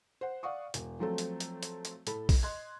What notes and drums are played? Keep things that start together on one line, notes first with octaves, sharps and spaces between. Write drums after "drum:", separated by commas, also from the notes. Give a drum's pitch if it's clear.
C5 F#5
D5 F5 F#5 C#6 D#6
E1, drum: hi-hat
F3 F#3 A3 C4 A4
drum: hi-hat
drum: hi-hat
drum: hi-hat
drum: hi-hat
A2 A4 B5, drum: hi-hat
drum: kick B1, open hi-hat
D#5 C6 F#6 G#6